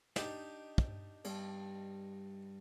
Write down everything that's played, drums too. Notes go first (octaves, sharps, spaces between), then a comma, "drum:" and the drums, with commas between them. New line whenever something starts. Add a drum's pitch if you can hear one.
D4 D#4 G4, drum: snare
drum: kick
G2, drum: cymbal